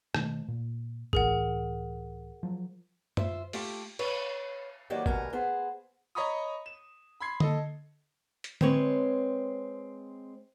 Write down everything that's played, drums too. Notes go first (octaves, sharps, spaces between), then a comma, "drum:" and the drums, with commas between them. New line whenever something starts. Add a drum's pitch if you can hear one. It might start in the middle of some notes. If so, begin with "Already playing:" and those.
B2 D#3 A3, drum: rim click
A#2
C#2 A2 E3 G#4 A#4 F#5, drum: kick
F3 F#3
F4 C5 E5, drum: tom F#2
A3 F4 G4, drum: open hi-hat
B4 C#5, drum: cymbal
D#3 E3 F#3 A#3 G4 D5
D2 B2 A#4 G#5, drum: kick
B3 G#4 C5
C#5 D#5 A#5 B5 C#6 D#6
E7
B5 C6 G#6 C7
A4 D#5, drum: tom D3
drum: hi-hat
G#3 C4 B4 C#5, drum: tom D3